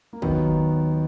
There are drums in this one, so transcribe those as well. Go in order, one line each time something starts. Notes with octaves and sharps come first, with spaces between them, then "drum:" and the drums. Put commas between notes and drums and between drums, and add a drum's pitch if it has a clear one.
A#3
D#2 D#3 F#3 B3, drum: kick